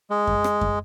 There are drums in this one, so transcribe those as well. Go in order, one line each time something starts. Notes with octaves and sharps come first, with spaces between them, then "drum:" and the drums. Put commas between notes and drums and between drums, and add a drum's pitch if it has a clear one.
G#3
drum: kick F#2
drum: rim click
drum: kick F#2